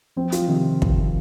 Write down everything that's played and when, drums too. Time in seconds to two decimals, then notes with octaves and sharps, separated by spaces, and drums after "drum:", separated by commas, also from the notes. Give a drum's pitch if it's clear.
0.16 F3 C4
0.32 F3 F4, drum: hi-hat
0.42 F3
0.48 C3 D#3
0.82 drum: kick